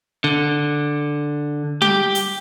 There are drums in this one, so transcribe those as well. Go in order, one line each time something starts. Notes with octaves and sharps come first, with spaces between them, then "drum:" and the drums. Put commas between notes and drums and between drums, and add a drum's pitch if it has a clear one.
D3
G4, drum: tom G3
drum: hi-hat